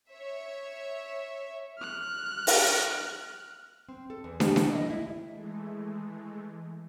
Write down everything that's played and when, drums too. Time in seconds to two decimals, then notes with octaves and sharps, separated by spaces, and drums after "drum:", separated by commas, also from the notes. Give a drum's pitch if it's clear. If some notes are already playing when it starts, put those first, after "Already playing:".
0.11 C#5 E5
1.78 F6 F#6
2.47 drum: open hi-hat
3.89 C4
4.10 A4
4.24 E2
4.40 G4, drum: snare
4.56 E4, drum: snare
4.75 D#5
4.90 E4
5.30 E3 G#3 A3